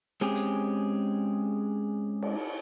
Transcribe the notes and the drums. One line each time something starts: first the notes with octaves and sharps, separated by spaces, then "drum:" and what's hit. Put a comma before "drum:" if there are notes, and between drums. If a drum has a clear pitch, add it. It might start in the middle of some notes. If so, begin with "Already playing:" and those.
G#3 C4 C#4 G4 G#4
drum: hi-hat
drum: cymbal